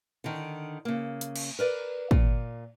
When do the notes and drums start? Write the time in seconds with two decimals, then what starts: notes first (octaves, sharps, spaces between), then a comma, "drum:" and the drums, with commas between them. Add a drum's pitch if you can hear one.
0.24 D3 D#3
0.85 C#3 A#3
1.21 drum: hi-hat
1.36 drum: cymbal
1.59 A#4 B4 D5
2.11 A#2, drum: kick